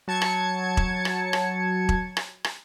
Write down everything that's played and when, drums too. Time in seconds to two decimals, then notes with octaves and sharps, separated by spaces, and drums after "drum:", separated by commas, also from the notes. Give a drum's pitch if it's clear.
0.08 F#3 A5 G#6 C#7
0.22 drum: rim click
0.77 drum: kick E1
1.05 drum: rim click
1.33 drum: rim click
1.89 drum: kick E1
2.17 drum: rim click
2.44 drum: rim click